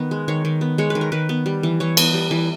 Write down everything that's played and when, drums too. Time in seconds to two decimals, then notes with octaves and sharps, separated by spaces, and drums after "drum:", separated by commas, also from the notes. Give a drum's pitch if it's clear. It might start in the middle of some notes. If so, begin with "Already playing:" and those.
Already playing: D#3 B3
0.11 G#3
0.28 D#3 C#5
0.45 D#3
0.61 B3
0.78 G#3 C#5
0.90 B4
0.95 D#3
1.01 A#4
1.12 D#3 B4
1.29 B3
1.46 G3
1.63 E3
1.80 E3 C#5
1.97 B3, drum: cymbal
2.14 G3
2.31 E3